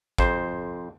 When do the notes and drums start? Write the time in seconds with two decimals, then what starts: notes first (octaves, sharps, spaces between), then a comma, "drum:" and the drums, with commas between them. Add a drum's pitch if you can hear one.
0.18 F2 C5, drum: kick